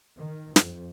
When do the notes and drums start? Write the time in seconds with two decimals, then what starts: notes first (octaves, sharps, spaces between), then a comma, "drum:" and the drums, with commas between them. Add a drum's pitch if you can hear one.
0.16 D#3
0.56 F2, drum: snare